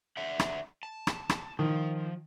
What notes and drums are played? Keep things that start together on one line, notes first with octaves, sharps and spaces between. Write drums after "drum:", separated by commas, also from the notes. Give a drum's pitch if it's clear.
D3 E5 F#5
drum: rim click
A5
drum: rim click
drum: rim click
D#3 F3